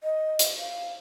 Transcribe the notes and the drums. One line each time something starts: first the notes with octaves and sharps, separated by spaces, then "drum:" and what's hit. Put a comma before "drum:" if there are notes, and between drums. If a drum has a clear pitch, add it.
D#5
drum: hi-hat
F5